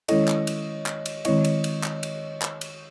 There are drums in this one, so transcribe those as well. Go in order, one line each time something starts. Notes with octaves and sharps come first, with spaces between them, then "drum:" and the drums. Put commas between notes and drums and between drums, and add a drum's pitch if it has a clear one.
D#3 G#3 C#4 E4 A4 C#5 D#5, drum: cymbal
drum: clap
drum: cymbal
drum: clap
drum: cymbal
D#3 G#3 C4 E4 C#5 D#5, drum: cymbal
drum: cymbal
drum: cymbal
drum: clap
drum: cymbal
drum: clap
drum: cymbal